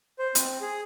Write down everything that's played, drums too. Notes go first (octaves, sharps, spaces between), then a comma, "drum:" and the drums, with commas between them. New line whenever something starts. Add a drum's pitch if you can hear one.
C5
C4, drum: hi-hat
G#4